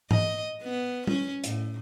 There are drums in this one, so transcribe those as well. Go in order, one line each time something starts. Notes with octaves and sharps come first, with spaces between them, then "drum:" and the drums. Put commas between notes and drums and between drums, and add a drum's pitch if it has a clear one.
D#5, drum: tom G#2
B3
C#4, drum: tom
A2, drum: hi-hat